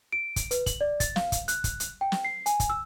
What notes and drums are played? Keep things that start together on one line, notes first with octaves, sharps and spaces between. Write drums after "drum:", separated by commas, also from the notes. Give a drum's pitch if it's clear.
D7
drum: kick, hi-hat
B4, drum: hi-hat
F#7, drum: kick, hi-hat
D5
A6, drum: kick, hi-hat
F5, drum: snare
drum: kick, hi-hat
F#6, drum: hi-hat
drum: kick, hi-hat
drum: hi-hat
G5
drum: snare
C7
G#5, drum: hi-hat
drum: kick, hi-hat
E6